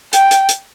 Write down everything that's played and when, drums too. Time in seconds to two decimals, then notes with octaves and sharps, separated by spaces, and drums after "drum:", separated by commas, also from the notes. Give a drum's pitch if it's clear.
0.13 G5, drum: hi-hat
0.31 drum: hi-hat
0.49 drum: hi-hat